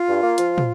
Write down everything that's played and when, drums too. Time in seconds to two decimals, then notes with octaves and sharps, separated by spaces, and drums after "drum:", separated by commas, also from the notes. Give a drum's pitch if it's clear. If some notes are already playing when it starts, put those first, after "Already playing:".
Already playing: F4
0.09 G2
0.23 A#3
0.38 F3, drum: hi-hat
0.58 drum: tom